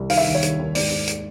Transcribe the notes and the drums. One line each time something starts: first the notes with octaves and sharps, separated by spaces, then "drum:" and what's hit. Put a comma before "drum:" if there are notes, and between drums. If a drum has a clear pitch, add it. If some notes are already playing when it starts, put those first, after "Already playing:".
Already playing: C2
D#3 F5, drum: open hi-hat
E5
D#2
C#5
D#2, drum: hi-hat
D#2
G#2 D5, drum: open hi-hat
G#2
drum: hi-hat